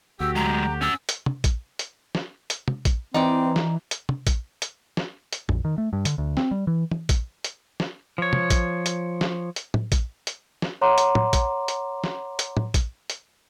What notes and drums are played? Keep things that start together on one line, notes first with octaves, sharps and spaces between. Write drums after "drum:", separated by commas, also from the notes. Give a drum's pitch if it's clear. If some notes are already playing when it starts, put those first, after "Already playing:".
D2 F#4 G4 E6
F#3 G#3 A#5
C#4 F#5 E6
drum: hi-hat
drum: tom
drum: kick, hi-hat
drum: hi-hat
drum: snare
drum: hi-hat
drum: tom
drum: kick, hi-hat
E3 C4 D#4 D5 G5
drum: snare
drum: hi-hat
drum: tom
drum: kick, hi-hat
drum: hi-hat
drum: snare
drum: hi-hat
A#1, drum: tom
D#3
A3
G2
D3, drum: hi-hat
D2
C4, drum: snare
G3
E3
drum: tom
drum: kick, hi-hat
drum: hi-hat
drum: snare
F3 C#5
drum: tom
drum: kick, hi-hat
drum: hi-hat
drum: snare
drum: hi-hat
drum: tom
drum: kick, hi-hat
drum: hi-hat
drum: snare
C#5 F#5 A#5 C6 D6
drum: hi-hat
drum: tom
drum: kick, hi-hat
drum: hi-hat
drum: snare
drum: hi-hat
drum: tom
drum: kick, hi-hat
drum: hi-hat